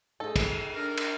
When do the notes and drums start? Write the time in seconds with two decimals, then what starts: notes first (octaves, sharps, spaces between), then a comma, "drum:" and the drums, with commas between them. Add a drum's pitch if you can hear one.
0.20 D#4 G#4 A4
0.36 drum: kick, cymbal
0.74 D4 A#4
0.97 drum: cymbal